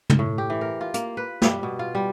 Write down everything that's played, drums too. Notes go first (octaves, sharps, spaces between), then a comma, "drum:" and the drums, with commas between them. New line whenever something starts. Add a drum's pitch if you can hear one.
drum: tom
A2
G4
E3
A#4
F4
A#3, drum: hi-hat
B4
G3, drum: snare
B2
F4
G3